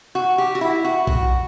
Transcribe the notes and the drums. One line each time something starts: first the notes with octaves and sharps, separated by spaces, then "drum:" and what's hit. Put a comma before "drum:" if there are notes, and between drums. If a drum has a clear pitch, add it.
F#4
G4
F#4
E4
F#4
F#4, drum: kick B1